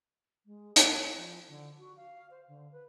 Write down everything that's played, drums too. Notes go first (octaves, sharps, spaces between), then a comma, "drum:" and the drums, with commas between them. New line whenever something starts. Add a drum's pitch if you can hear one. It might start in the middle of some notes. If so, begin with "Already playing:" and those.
G#3
B3, drum: hi-hat
C#5
F3
D3
F#4
F5
C5
D3
B4